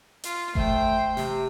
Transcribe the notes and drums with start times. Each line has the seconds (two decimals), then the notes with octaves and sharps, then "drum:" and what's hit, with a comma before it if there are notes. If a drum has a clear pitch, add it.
0.24 F4, drum: hi-hat
0.55 A3 C5 G5, drum: kick F#1
1.17 C3, drum: snare